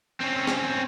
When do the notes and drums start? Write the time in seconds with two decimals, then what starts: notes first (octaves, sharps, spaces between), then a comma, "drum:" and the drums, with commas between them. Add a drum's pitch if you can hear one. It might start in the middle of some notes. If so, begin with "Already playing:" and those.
0.20 C4 C#4
0.47 drum: snare